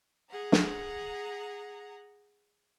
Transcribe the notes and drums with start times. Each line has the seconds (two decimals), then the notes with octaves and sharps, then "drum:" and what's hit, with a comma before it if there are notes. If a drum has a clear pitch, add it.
0.30 G#4 F#5 A#5
0.52 drum: snare